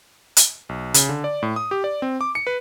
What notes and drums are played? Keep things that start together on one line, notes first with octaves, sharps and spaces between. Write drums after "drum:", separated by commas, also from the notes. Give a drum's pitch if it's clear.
drum: hi-hat
B1
C#3, drum: hi-hat
D3
D5
A2
D#6
G4
D5
C4
D6
C#7
B4